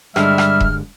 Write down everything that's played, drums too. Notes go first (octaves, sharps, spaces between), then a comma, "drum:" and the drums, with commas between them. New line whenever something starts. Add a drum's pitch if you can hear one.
G2 D3 G3 G#3 E5 F6, drum: rim click
drum: rim click
drum: kick E1